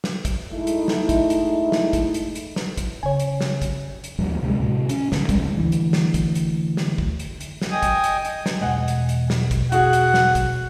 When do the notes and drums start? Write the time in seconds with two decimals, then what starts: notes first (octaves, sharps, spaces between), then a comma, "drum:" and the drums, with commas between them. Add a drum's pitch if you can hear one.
0.04 drum: snare
0.25 drum: kick, hi-hat
0.53 G#3 A3 D#4 E4
0.67 drum: hi-hat
0.88 drum: snare
1.09 drum: kick, hi-hat
1.30 drum: hi-hat
1.72 drum: snare
1.93 drum: kick, hi-hat
2.14 drum: hi-hat
2.35 drum: hi-hat
2.56 drum: snare
2.77 drum: kick, hi-hat
3.03 C#3 C#5 G#5
3.20 drum: hi-hat
3.41 drum: snare
3.62 drum: kick, hi-hat
4.04 drum: hi-hat
4.19 D#2 A#2 F3 G3
4.41 D2 C3 G3 G#3
4.60 A2 C3
4.89 C#4, drum: hi-hat
5.12 D2 G2 A#2 D3, drum: snare
5.29 C#2 G#2 G3 G#3, drum: kick, hi-hat
5.57 D2 E3
5.72 drum: hi-hat
5.93 drum: snare
6.14 drum: kick, hi-hat
6.35 drum: hi-hat
6.77 drum: snare
6.98 drum: kick
7.19 drum: hi-hat
7.40 drum: hi-hat
7.62 drum: snare
7.71 D#5 G5 G#5 D#6
7.83 drum: kick, hi-hat
8.04 drum: hi-hat
8.25 drum: hi-hat
8.46 drum: snare
8.61 E2 B2 G#3 D#5 F#5 G#5
8.88 drum: hi-hat
9.09 drum: hi-hat
9.30 drum: snare
9.51 drum: kick, hi-hat
9.72 F#4 G#4 F#5, drum: hi-hat
9.93 drum: hi-hat
10.14 drum: snare
10.35 drum: kick, hi-hat